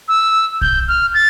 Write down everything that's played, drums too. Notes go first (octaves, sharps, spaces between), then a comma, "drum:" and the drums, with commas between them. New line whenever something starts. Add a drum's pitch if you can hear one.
E6
G6, drum: kick
F6
A6